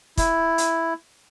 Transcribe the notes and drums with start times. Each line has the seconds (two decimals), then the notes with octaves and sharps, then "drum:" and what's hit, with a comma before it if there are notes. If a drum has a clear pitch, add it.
0.18 E4, drum: kick, hi-hat
0.58 drum: hi-hat